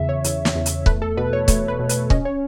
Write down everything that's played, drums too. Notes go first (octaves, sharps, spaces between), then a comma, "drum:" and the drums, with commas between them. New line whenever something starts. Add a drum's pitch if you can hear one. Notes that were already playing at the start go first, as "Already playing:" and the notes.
Already playing: E2 C#3 E5
C#5
E2, drum: hi-hat
drum: snare
E2
drum: hi-hat
A3 B4, drum: kick C#1
A4
B2 B4
C#5
A3 C#5, drum: kick C#1, hi-hat
B4
B2
B4, drum: hi-hat
C#4 D#5, drum: kick C#1
C#5